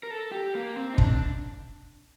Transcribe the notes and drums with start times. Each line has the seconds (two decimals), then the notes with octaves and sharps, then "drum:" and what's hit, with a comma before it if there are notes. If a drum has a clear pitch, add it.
0.03 A#4
0.11 A4
0.32 G4
0.55 A#3
0.77 C4
0.93 D#4
0.98 D4, drum: kick